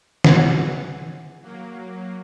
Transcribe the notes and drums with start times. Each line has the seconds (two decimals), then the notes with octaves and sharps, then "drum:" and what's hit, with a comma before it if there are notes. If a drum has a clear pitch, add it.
0.24 E4 G#4 F#5, drum: snare
1.43 F#3 A#3